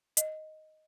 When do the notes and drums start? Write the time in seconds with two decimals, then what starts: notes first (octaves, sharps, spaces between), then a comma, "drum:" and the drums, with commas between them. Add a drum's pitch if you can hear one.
0.17 D#5, drum: hi-hat